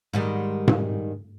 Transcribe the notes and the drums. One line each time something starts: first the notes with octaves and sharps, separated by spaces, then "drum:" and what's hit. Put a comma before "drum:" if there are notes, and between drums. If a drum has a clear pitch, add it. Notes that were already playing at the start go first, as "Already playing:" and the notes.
G#2 D#3 G3
drum: tom G#2